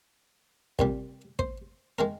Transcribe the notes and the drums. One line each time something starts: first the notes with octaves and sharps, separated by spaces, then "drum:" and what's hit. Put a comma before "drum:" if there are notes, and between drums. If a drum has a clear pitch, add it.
C2 A#2 G3, drum: kick
C5, drum: kick
D#3 G#3 A#4